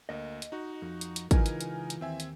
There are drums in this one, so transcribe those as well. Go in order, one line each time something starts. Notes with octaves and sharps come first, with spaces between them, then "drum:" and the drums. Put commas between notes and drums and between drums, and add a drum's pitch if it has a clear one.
D2 A#3 D#5
drum: hi-hat
D#4 F#4
F2
drum: hi-hat
drum: hi-hat
C#2 E3 D#4 F4 A#4 G#5, drum: kick, hi-hat
drum: hi-hat
drum: hi-hat
drum: hi-hat
D#2 C4 E5 G#5
drum: hi-hat